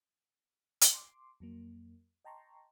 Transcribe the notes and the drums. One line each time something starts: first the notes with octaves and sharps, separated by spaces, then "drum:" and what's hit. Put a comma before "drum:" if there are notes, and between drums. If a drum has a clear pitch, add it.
drum: hi-hat
C6 D6
F2 F#3 A#3
D#5 G5 A5 A#5 C6 C#6